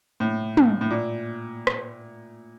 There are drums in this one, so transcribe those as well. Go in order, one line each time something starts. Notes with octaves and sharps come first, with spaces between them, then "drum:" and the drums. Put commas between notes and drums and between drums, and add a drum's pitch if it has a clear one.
A2
drum: tom
A2
A#2
drum: rim click